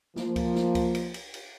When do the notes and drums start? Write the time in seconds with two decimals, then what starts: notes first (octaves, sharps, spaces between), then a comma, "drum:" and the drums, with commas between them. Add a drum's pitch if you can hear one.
0.16 F3 A#3, drum: snare A3
0.36 drum: kick C#2, cymbal
0.55 drum: snare A3
0.75 drum: kick C#2, cymbal
0.95 drum: cymbal
1.14 drum: cymbal
1.34 drum: cymbal